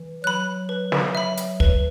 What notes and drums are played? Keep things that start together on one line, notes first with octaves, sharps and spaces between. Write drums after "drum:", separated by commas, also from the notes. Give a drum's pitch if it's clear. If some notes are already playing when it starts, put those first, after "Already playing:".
Already playing: E3
F#3 B5 F#6
B4
drum: snare
E5 B5
drum: hi-hat
B4, drum: kick